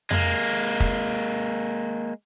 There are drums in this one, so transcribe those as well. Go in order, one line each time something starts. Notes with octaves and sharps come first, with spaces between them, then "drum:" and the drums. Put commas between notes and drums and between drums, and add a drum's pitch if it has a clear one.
G#3 A#3, drum: tom F2
drum: kick